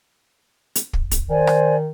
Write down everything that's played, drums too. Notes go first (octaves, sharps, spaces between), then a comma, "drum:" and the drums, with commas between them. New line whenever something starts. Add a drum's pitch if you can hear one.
drum: hi-hat
drum: kick
drum: kick, hi-hat
D#3 C5 D5 G#5
drum: rim click